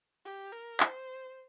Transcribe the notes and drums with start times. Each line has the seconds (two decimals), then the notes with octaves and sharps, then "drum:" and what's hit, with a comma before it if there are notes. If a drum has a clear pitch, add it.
0.25 G4
0.52 A#4
0.80 C5, drum: clap